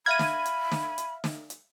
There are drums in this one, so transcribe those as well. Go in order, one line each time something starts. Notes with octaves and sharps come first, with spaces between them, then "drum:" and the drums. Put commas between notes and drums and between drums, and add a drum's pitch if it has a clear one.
E5 F5 B5 F6 G#6 D#7
drum: snare
drum: hi-hat
drum: snare
drum: hi-hat
drum: snare
drum: hi-hat